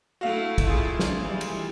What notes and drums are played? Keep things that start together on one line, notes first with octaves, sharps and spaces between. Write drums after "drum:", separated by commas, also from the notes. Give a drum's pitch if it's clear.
A3 E4 F#4 F5
drum: kick, cymbal
F4 G#4
drum: snare
E3 G3
drum: cymbal